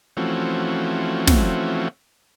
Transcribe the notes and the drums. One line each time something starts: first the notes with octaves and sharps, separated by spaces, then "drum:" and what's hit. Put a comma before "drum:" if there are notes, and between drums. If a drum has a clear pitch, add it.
E3 F3 A3 C4 C#4 F#4
drum: snare